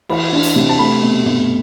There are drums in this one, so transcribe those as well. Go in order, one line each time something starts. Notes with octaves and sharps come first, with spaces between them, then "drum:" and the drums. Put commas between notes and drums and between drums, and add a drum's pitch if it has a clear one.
E3 B5, drum: cymbal
D4
drum: hi-hat
C3
A5
A3 B5
B2
B2, drum: tom G2